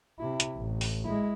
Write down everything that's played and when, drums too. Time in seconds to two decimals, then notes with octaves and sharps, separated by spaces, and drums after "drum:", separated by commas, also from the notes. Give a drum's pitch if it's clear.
0.19 C3 E4
0.40 drum: hi-hat
0.57 A1
0.81 drum: open hi-hat
1.05 G#3 E4